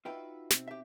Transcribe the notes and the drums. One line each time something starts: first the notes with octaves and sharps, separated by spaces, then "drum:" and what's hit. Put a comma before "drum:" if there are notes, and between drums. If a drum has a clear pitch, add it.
D#4 F4 F#4 B4 E5 G5
B2 C4, drum: snare
G4 E5